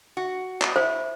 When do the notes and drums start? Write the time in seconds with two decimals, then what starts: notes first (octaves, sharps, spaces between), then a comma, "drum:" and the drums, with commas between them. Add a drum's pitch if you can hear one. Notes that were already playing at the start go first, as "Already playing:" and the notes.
0.17 F#4
0.62 drum: clap
0.76 E4 C5